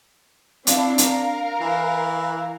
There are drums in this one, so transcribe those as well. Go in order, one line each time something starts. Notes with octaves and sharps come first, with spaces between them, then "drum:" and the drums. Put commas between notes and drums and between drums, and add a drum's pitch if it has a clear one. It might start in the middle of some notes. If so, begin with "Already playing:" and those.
C4 D4 E4 F5, drum: hi-hat
A#4, drum: hi-hat
E3